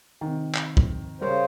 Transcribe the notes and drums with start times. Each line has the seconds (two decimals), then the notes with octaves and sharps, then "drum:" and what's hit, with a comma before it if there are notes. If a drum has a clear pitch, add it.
0.21 C3 D#3
0.55 drum: clap
0.77 drum: kick
1.21 C#3 G3 A#4 C5 C#5